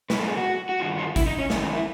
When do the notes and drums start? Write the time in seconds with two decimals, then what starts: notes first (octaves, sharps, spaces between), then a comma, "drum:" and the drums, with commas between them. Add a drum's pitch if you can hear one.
0.10 B2 F#3 A#3 B4, drum: snare
0.20 A4
0.28 G#4
0.37 F#4
0.69 F#4
0.80 G2 D#3 F4
0.98 F4
1.16 E4, drum: kick G#1, hi-hat
1.26 D#4
1.39 C#4
1.50 F#2 D#3 G#3 D#4, drum: snare
1.62 D#4
1.73 E4